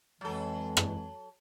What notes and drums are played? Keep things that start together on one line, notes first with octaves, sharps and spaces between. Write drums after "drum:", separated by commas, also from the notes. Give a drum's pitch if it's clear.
F2 E3 F#3 G#3 A4
drum: rim click